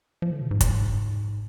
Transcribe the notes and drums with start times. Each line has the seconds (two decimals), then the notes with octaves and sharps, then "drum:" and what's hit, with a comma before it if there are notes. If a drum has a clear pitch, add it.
0.22 F3
0.32 D3
0.41 B2
0.51 G#2
0.61 drum: kick, hi-hat